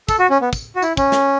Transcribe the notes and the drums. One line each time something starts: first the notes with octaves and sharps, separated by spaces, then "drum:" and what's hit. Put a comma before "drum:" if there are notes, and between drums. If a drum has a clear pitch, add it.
A4, drum: kick, tambourine
F#4
C#4
B3
drum: kick, tambourine
F#4
E4, drum: tambourine
C#4, drum: kick, tambourine
drum: snare